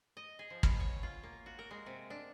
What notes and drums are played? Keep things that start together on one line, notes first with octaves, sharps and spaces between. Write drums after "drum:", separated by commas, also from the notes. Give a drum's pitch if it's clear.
D#5
G#4
F3
B2, drum: kick
C#5
F4
A#3
F#4
A#4
G#3
C3
D4